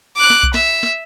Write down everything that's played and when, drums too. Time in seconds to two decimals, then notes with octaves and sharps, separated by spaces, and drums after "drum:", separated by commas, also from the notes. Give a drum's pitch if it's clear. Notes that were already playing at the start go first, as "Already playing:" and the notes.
0.17 D6 F#6
0.30 drum: snare
0.43 drum: kick B1
0.54 E5, drum: snare
0.83 drum: snare